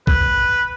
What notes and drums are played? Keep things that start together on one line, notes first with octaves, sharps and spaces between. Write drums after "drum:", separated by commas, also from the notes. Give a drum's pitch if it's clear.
B4, drum: kick